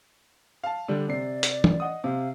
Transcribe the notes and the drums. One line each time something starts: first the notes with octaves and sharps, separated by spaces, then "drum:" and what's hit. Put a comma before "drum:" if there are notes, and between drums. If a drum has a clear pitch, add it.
F5 A5
D3 G3 D4
C3 D5 C7
drum: hi-hat
drum: tom
D#5 F#5 D#6
C3 F5